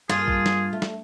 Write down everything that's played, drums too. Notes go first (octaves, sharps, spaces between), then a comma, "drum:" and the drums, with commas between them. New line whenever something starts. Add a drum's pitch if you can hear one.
G2 A#3 F4 G#4, drum: snare
drum: kick
drum: snare
A3
drum: snare